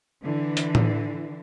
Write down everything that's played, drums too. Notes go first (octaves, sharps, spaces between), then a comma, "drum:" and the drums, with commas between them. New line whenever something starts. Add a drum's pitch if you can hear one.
D3 E3
drum: hi-hat
drum: tom A2